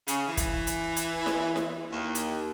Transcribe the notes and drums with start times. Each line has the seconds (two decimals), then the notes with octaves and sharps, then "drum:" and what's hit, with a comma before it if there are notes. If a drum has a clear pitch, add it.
0.08 C#3, drum: hi-hat
0.27 E3
0.37 drum: kick, hi-hat
0.67 drum: hi-hat
0.96 drum: hi-hat
1.26 drum: snare E4
1.56 drum: snare E4
1.92 D#2
2.15 drum: hi-hat